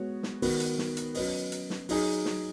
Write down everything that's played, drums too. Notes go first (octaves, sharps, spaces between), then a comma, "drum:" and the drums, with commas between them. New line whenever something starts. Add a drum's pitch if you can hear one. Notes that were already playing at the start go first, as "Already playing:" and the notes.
Already playing: G#3 B3 F#4 C#5
drum: snare
D#3 B3 F#4, drum: open hi-hat
drum: hi-hat
drum: snare
drum: hi-hat
F#3 C#4 B4 D#5, drum: open hi-hat
drum: hi-hat
drum: snare
F#3 D#4 G#4, drum: open hi-hat
drum: snare